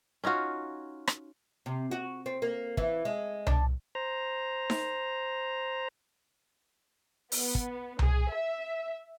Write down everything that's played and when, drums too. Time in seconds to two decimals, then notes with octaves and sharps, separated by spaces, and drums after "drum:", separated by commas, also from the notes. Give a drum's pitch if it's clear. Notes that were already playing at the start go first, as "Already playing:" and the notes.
0.24 C#4 D#4 F4 F#4
1.07 drum: rim click
1.66 C3
1.91 F#4
2.26 C4
2.42 A#3
2.77 E3, drum: kick
3.05 G#3
3.47 D4, drum: tom C2
3.95 C5 A#5
4.70 drum: snare D#4
7.32 B3, drum: open hi-hat
7.55 drum: kick
7.99 G#4, drum: tom C2
8.32 E5